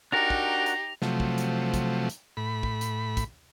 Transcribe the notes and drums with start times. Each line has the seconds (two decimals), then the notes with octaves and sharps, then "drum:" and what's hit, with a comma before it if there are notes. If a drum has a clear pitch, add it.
0.12 D4 D#4 F#4 G4 A#4 A#6 F7
0.30 drum: kick
0.66 drum: hi-hat
1.02 C3 F3 F#3 A3, drum: snare
1.20 drum: kick
1.38 drum: hi-hat
1.74 drum: kick, hi-hat
2.09 drum: hi-hat
2.37 A2 B5
2.63 drum: kick
2.81 drum: hi-hat
3.17 drum: kick, hi-hat